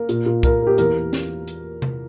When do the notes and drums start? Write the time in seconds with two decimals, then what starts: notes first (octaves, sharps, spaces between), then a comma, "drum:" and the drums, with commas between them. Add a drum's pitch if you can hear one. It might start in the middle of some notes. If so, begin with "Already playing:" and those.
Already playing: A#3 A#4
0.09 A#2, drum: hi-hat
0.26 A#2
0.43 A#3 A#4, drum: kick, hi-hat
0.61 A#3
0.67 G4
0.78 E2 A#4, drum: hi-hat
0.95 A#3
1.13 drum: snare
1.48 drum: hi-hat
1.82 drum: tom C3